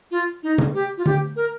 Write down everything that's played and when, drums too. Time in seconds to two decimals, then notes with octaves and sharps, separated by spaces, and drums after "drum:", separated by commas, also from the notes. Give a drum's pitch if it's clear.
0.11 F4
0.43 D#4
0.58 drum: tom C3
0.74 G4
0.97 F4
1.06 G4, drum: tom D3
1.36 A#4